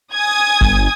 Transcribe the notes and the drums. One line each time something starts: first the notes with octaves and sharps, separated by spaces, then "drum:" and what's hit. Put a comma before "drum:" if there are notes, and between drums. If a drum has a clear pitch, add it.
G#5 D#6 G#6
G1, drum: kick